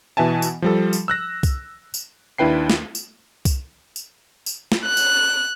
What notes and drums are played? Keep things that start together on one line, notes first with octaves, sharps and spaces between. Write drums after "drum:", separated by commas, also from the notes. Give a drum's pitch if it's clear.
B2 E3 E5 G#5 A5
drum: tambourine
F3 G3 A4
drum: tambourine
E6 F#6 A#6
drum: kick C2, tambourine
drum: tambourine
D#2 D4 E4 B4 G5 C7
drum: snare
drum: tambourine
drum: kick C2, tambourine
drum: tambourine
drum: tambourine
drum: snare
F#6
drum: tambourine